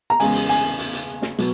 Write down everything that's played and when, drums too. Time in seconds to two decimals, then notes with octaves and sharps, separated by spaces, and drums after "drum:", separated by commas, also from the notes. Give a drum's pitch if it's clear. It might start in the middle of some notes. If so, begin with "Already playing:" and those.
0.10 A#5
0.20 E2 C#3 G#3 G#5, drum: open hi-hat
0.35 drum: open hi-hat
0.49 G#5, drum: hi-hat
0.79 drum: hi-hat
0.93 drum: hi-hat
1.22 drum: snare
1.38 B2 F#3, drum: hi-hat